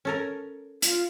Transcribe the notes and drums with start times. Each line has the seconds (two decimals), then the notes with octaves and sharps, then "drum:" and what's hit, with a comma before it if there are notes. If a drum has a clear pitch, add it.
0.05 C#4 A4 A#4
0.82 F4, drum: hi-hat